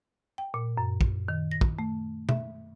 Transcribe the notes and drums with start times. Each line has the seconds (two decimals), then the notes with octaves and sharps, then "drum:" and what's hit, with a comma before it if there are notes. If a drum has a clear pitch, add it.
0.38 G5
0.54 A#2
0.78 F#2
1.01 drum: kick
1.28 D#3
1.51 A#6
1.61 drum: kick
1.79 A3
2.29 E5, drum: tom B2